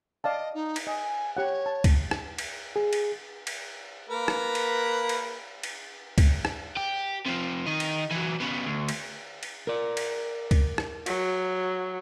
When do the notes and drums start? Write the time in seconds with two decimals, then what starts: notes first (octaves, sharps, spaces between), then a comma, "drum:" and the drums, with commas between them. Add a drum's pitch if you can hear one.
0.24 D5 D#5 F5 A5
0.54 D#4
0.76 drum: cymbal
0.87 D#5 G#5
1.37 G4 C#5 F#5
1.66 A5
1.84 drum: kick C#2, cymbal
2.11 drum: rim click
2.38 drum: cymbal
2.76 G#4
2.93 drum: cymbal
3.47 drum: cymbal
4.09 A#3 A#4 B4
4.28 drum: rim click
4.55 drum: cymbal
5.09 drum: cymbal
5.63 drum: cymbal
6.18 drum: kick C#2, cymbal
6.45 drum: rim click
6.76 G4
7.26 C3 F3
7.67 D#3 D#4
7.80 drum: cymbal
8.11 E3 F#3
8.40 C#3 B3
8.66 D2
8.89 drum: cymbal
9.43 drum: cymbal
9.67 A#4 D5
9.97 drum: cymbal
10.51 drum: kick C#2, cymbal
10.78 drum: rim click
11.06 F#3, drum: cymbal